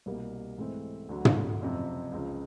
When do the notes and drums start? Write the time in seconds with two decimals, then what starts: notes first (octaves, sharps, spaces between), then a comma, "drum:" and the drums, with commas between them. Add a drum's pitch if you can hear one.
0.06 C2 B2 G3 A#3
0.58 G#2 E3 A3 C4
1.09 D2 D3 F#3
1.25 drum: tom
1.61 F#1 F2 C3
2.12 C#2 C#3 F3